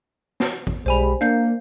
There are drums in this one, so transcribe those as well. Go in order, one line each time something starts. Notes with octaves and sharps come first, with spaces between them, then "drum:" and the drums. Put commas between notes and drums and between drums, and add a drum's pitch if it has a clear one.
drum: snare
drum: kick
B1 G3 G#3 C5 G#5 B5 F7
A#3 D4 F5 G6 C7